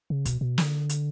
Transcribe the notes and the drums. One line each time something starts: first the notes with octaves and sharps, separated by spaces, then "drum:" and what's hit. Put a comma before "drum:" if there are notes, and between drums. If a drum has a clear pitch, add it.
C#3
B2, drum: kick, hi-hat
B2
D3, drum: snare
drum: hi-hat